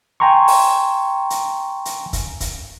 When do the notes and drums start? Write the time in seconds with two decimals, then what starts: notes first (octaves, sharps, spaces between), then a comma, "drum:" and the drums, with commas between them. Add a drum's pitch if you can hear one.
0.20 G5 G#5 A#5 C6 C#6
0.48 drum: open hi-hat
1.30 drum: hi-hat
1.85 drum: hi-hat
2.13 drum: kick, hi-hat
2.40 drum: kick, hi-hat